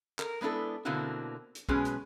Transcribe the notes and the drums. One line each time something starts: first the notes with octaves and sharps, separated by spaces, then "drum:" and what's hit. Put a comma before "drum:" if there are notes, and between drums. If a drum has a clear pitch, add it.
A#4, drum: clap
G#3 B3 D4 E4 A4
B2 D3 A#3 C4 E4 F#4
drum: hi-hat
B2 F#3 G#3 C#4 G#4 B4, drum: kick B1
drum: hi-hat